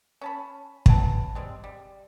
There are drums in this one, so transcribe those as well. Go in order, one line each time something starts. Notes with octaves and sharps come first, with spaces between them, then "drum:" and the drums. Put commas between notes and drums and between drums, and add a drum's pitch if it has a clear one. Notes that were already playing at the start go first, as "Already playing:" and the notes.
C#4 A5 B5
E3 F#3 G5 A5, drum: kick
G3 G#3 C4
G3